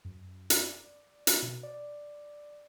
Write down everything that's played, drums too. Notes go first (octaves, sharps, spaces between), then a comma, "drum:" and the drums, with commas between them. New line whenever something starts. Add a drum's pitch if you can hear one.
F#2
D5, drum: hi-hat
drum: hi-hat
B2
D5